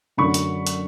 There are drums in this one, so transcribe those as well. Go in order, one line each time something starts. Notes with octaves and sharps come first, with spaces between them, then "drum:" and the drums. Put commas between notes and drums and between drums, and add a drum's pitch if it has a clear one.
F#2 D3 F#3 A3 B5 C#6
drum: hi-hat
drum: hi-hat